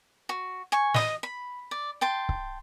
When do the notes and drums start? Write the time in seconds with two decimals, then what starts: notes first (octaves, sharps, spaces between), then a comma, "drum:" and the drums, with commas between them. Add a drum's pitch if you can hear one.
0.29 F#4
0.72 G#5 C#6
0.94 D#5 D#6, drum: snare
1.23 B5
1.71 D5
2.01 G5 A5 C6
2.29 drum: kick C#1